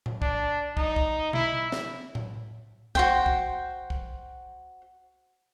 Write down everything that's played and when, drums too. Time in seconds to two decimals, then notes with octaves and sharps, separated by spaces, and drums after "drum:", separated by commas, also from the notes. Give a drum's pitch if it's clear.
0.06 drum: tom A2
0.22 D4, drum: kick
0.77 D#4, drum: kick
0.96 drum: kick
1.33 E4, drum: tom B2
1.72 drum: snare
2.15 drum: tom A2
2.95 F#4 C5 G5, drum: kick
3.26 drum: kick
3.90 drum: kick